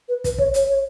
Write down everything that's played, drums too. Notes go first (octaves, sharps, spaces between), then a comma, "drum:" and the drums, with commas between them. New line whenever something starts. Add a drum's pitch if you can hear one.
B4
B4, drum: kick, hi-hat
C#5, drum: kick
C#5, drum: hi-hat
C#5